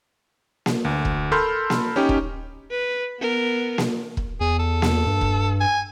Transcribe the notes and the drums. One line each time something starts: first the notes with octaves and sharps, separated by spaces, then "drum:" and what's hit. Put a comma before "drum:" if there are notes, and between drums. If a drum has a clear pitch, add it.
drum: snare A#3
D2
drum: kick
A4 A#4 B5 C6 F6 G6
drum: snare A#3
C#4 D#4 G4
drum: kick
B4
B3 A#4
drum: snare A#3
drum: kick
E2 G#4
A4
drum: snare A#3
G2
drum: kick
G#5